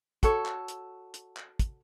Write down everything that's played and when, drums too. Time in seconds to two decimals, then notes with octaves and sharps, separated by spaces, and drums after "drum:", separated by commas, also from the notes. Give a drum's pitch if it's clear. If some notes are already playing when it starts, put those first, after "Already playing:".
0.23 F#4 A4 C#5, drum: kick, hi-hat
0.46 drum: clap
0.68 drum: hi-hat
1.14 drum: hi-hat
1.37 drum: clap
1.59 drum: kick, hi-hat